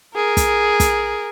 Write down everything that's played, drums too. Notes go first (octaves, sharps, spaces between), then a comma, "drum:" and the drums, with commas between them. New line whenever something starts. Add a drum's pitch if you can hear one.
G#4 A#4
drum: kick, hi-hat
drum: kick, hi-hat